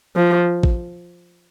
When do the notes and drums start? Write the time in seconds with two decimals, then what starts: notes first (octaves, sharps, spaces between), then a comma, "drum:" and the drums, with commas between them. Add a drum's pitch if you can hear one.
0.16 F3
0.63 drum: kick A1